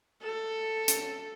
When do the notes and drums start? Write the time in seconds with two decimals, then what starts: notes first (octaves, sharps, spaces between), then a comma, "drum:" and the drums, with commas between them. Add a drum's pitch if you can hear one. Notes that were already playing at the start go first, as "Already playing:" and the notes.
0.22 A4
0.88 drum: hi-hat